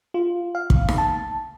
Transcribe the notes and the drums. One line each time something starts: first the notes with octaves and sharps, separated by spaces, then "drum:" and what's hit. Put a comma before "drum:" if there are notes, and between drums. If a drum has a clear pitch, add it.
F4
F5
drum: kick
drum: snare D#4
A5